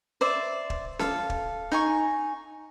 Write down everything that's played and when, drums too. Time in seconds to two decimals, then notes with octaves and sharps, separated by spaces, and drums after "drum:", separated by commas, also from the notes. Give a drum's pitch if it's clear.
0.21 C5 D5 E5
0.70 drum: kick
0.99 A4 F5, drum: snare C#4
1.30 drum: kick
1.72 D#4 G#5 C#6